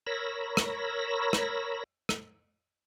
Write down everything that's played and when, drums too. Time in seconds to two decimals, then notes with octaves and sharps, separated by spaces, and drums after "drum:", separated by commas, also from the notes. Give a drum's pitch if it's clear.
0.07 A#4 C#5 B5 E6 A#6
0.57 drum: rim click
1.33 drum: rim click
2.09 drum: rim click